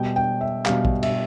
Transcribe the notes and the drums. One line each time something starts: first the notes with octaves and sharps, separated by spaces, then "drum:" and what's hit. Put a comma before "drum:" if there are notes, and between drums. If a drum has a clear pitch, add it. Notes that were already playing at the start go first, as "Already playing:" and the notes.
Already playing: B2 G3 G5
G5
E5
B2 G3 F5, drum: clap
drum: kick A#1
E5, drum: cymbal